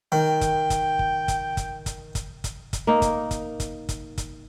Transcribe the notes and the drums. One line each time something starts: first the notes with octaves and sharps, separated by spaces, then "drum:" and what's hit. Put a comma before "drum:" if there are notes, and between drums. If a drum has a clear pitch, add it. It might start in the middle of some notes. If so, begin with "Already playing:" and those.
D#3 G5
drum: kick, hi-hat
drum: kick, hi-hat
drum: kick
drum: kick, hi-hat
drum: kick, hi-hat
drum: kick, hi-hat
drum: kick, hi-hat
drum: kick, hi-hat
drum: kick, hi-hat
A#3 D#4
drum: kick, hi-hat
drum: kick, hi-hat
drum: kick, hi-hat
drum: kick, hi-hat
drum: kick, hi-hat